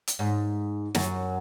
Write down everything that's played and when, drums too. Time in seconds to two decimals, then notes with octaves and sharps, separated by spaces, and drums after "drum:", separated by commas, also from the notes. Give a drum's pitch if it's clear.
0.08 drum: hi-hat
0.19 G#2
0.95 F#2, drum: snare